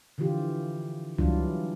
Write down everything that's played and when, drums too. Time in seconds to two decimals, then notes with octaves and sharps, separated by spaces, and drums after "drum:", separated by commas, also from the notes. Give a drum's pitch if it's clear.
0.18 D3 E3 F3 F4 G4
1.18 E3 F#3 G3 D4 E4 F4, drum: tom C#2